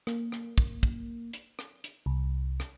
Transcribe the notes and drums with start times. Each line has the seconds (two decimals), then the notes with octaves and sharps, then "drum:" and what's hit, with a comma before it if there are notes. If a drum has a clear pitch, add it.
0.07 A#3, drum: rim click
0.32 drum: rim click
0.58 drum: kick
0.83 drum: kick
1.33 drum: hi-hat
1.59 drum: rim click
1.84 drum: hi-hat
2.06 C2
2.60 drum: rim click